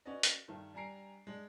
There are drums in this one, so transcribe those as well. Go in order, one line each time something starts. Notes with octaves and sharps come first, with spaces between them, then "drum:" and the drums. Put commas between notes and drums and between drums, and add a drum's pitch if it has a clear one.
C#4 F#4 B4 D5 D#5
drum: hi-hat
G2 D#3 A3
G3 D4 G#5 A#5 C7 D7
G#3 D4